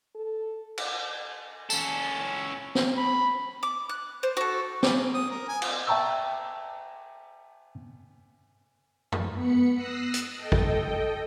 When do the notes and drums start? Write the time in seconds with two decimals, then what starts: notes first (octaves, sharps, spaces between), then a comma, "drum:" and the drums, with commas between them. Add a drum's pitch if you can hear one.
0.15 A4
0.78 drum: cymbal
1.70 C#4 A4, drum: tambourine
2.75 drum: snare
2.97 B5
3.63 D6
3.89 F#6
4.23 C5
4.37 F#4 A4
4.83 G3, drum: snare
4.95 G#4
5.14 D#6
5.31 A#4
5.48 G#5
5.62 F4, drum: cymbal
5.87 E5 G5 A5 A#5 C#6 E6
9.12 drum: tom F#2
9.34 B3 B5 C#7
9.75 D#6 E6 F#6 A#6 C7
10.14 drum: hi-hat
10.36 A4 D#5 G5
10.52 drum: kick